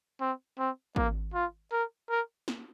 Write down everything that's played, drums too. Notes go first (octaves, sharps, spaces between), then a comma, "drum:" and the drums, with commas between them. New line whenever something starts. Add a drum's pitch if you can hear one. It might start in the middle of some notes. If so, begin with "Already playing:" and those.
C4
C4
A#3, drum: kick G#1
F4
A#4
A#4
drum: snare